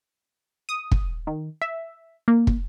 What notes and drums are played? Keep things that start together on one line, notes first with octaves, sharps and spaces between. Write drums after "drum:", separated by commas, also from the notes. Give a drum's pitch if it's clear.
D#6
drum: kick
D#3
E5
A#3
drum: kick